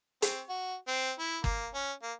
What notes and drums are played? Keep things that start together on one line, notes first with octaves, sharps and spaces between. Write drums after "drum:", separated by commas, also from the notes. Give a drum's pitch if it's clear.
C4, drum: hi-hat
F#4
C4
E4
A#3, drum: kick
C#4
A#3